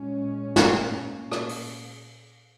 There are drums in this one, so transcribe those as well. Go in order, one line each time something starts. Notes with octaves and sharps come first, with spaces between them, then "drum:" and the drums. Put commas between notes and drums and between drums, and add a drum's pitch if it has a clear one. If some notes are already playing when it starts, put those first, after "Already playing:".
Already playing: A#2 G#3 C#4
drum: snare
A#2 A#3 C#4
drum: rim click
drum: open hi-hat